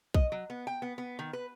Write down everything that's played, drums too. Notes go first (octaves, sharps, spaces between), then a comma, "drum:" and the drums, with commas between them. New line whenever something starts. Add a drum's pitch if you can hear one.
D#5, drum: kick
F#3
B3
G5
B3
B3
D#3
B4